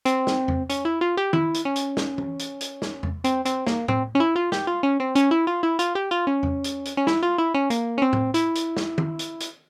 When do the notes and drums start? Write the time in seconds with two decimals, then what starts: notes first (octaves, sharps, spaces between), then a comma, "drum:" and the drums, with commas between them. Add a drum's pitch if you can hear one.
0.05 C4, drum: hi-hat
0.27 drum: snare
0.48 drum: tom E2
0.69 C#4, drum: hi-hat
0.85 E4
1.01 F4
1.17 G4
1.33 E4, drum: tom
1.54 drum: hi-hat
1.65 C#4
1.76 drum: hi-hat
1.97 drum: snare
2.18 drum: tom
2.39 drum: hi-hat
2.61 drum: hi-hat
2.82 drum: snare
3.03 drum: tom E2
3.24 C4, drum: hi-hat
3.45 C4, drum: hi-hat
3.67 A#3, drum: snare
3.88 C4, drum: tom
4.15 C#4
4.20 E4
4.36 F4
4.52 G4, drum: snare
4.67 F4
4.83 C#4
5.00 C4
5.15 C#4, drum: hi-hat
5.31 E4
5.47 F4
5.63 E4
5.79 F4, drum: hi-hat
5.95 G4
6.11 F4
6.27 C#4
6.43 drum: tom E2
6.64 drum: hi-hat
6.85 drum: hi-hat
6.97 C#4
7.07 E4, drum: snare
7.23 F4
7.38 E4
7.54 C#4
7.70 A#3, drum: hi-hat
7.98 C#4
8.02 C4
8.13 drum: tom
8.34 E4, drum: hi-hat
8.55 drum: hi-hat
8.77 drum: snare
8.98 drum: tom
9.19 drum: hi-hat
9.40 drum: hi-hat